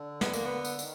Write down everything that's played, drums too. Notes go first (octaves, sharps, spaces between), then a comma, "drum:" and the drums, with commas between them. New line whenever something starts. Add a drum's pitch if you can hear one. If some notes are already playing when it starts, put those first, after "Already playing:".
Already playing: D3
B3, drum: snare
A#3, drum: tambourine
B3
drum: tambourine
D#3, drum: tambourine